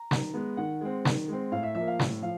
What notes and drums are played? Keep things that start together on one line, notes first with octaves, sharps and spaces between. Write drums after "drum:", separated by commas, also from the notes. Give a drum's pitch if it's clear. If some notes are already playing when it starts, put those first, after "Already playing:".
Already playing: A#5
D#3, drum: snare
G#3 B3
D#3 F#5
G#3 C4
D#3, drum: snare
G#3 C4
A2 F5
E5
F3 E5
A#3
F5
A2, drum: snare
F3 F5